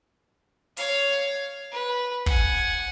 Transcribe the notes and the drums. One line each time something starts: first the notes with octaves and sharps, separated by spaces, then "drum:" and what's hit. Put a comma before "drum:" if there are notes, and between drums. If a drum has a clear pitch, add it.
C#5 F5, drum: open hi-hat
B4
F#5 G#5, drum: kick